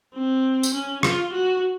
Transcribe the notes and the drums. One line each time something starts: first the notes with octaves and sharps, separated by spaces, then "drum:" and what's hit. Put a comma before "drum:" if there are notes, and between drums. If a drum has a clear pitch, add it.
C4
drum: tambourine
C#4
F4, drum: rim click
F#4